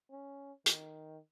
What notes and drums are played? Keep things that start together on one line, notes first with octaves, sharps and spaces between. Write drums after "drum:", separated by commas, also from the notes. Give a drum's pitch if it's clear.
C#4
D#3, drum: hi-hat